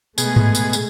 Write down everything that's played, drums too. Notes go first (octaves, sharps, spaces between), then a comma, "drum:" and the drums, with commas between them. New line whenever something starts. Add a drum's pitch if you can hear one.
B2 G#3 A3 G#4, drum: tambourine
drum: tom G#2
drum: tambourine
drum: tambourine